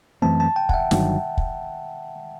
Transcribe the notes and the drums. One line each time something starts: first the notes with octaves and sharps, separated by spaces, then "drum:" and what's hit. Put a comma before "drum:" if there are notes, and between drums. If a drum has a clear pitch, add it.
F#2 E3 A3 C4 A5
A5
G5
F#5, drum: kick
E5
G1 G2 D#3 F#3, drum: snare
drum: kick